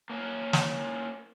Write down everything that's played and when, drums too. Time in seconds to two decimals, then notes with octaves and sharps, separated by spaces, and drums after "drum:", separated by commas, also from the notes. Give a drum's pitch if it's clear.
0.10 A#3 C#4 A#4
0.53 drum: snare